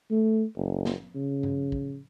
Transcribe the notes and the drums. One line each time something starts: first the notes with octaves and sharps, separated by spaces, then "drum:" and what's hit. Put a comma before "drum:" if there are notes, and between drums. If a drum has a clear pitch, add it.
A3
F#1
drum: snare
C#3
drum: tom G2
drum: kick